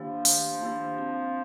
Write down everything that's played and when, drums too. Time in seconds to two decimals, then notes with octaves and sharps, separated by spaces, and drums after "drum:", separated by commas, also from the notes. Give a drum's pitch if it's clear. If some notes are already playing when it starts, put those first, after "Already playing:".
Already playing: D#3 F3 A#3 D4 G4 C5
0.25 D#3, drum: open hi-hat
0.62 A#3 D4 G4 C5
0.98 C4